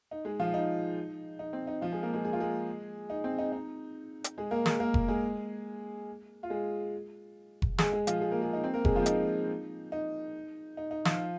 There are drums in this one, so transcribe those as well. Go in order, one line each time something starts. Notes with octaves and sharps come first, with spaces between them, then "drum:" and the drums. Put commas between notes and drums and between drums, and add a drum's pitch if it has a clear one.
D#4
G#3 G#4
F3 F4
D#4
D#4
C4
D#4
F3 F4
G#3 G#4
A#3 A#4
G#3 G#4
G#4
F4
G#3 G#4
D#4
C4
D#4
D#4
drum: hi-hat
G#3 G#4
A#3 A#4
G#3 G#4, drum: snare
A#3 A#4
drum: kick F1
G#3 G#4
F4
G#3 G#4
drum: kick F1
G#3 G#4, drum: snare
G#3 G#4
F3 F4, drum: hi-hat
G#3 G#4
A#3 A#4
G#3 G#4
D#4
C4
A#3 A#4
G#3 G#4, drum: kick F1
F3 F4
C4
D#4, drum: hi-hat
D#4
D#4
D#4
F3 F4, drum: snare